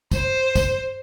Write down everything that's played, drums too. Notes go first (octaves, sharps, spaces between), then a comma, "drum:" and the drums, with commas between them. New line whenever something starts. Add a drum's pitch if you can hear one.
C5, drum: kick, tambourine
drum: kick, tambourine